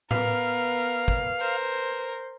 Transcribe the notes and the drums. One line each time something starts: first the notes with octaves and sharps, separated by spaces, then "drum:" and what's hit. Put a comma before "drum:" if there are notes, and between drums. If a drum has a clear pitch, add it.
B3 A#4 B4 F5, drum: tom A2
drum: kick
A#4 C5